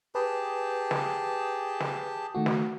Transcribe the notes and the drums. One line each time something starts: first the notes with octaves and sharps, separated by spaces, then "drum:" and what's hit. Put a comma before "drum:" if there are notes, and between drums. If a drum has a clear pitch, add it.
G4 G#4 B4 A5
drum: snare
drum: snare
D#3 A3 F#4
drum: snare